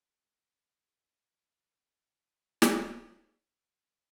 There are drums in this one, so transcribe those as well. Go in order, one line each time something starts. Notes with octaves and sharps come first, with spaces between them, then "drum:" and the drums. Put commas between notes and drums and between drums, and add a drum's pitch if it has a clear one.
G2 F3 C4 E4
G2 F3 C4 E4
B2 A3 C4
drum: snare